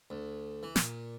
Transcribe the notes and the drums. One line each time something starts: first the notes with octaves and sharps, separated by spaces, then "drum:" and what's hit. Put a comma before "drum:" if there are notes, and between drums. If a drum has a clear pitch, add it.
D2
E3
A#2, drum: snare